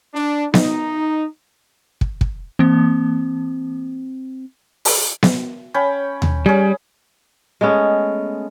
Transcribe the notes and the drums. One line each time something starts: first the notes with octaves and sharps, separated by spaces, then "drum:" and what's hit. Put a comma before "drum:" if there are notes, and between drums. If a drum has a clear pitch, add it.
D4
D#4, drum: snare B3
drum: kick
drum: kick
E3 A#3 C4
drum: open hi-hat
drum: snare B3
C#4 G5 B5
drum: tom D#2
G3 C#4 G#4
G#3 A3 B3 C#4